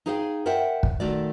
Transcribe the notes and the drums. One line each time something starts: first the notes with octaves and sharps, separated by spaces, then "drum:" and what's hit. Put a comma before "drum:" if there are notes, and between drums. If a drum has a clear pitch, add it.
D#4 E4 G#4 C5 F5 G5
A#4 C5 D5 E5 F#5 G5
drum: kick
A#2 D#3 A3 F#4 D5